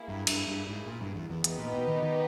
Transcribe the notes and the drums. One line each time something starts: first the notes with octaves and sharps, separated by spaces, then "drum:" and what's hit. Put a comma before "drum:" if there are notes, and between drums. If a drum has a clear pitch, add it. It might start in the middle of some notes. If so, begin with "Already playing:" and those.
Already playing: A#3 E4 G#4
G2
G2, drum: cymbal
G2
G#2
A#2
G2
E2
E2
E2 B3 D#4 G4 B4 D#5, drum: hi-hat
A#2
B2
D#3
D#3